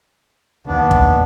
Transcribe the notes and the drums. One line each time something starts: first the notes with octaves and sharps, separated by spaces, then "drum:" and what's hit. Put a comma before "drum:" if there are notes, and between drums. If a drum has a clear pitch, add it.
D#2 B3 D4
drum: kick